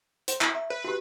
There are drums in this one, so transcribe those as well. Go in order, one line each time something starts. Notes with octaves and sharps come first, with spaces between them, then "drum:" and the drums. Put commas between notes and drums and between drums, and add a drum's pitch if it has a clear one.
C5, drum: hi-hat
E4, drum: clap
E5
B4
F#4 G4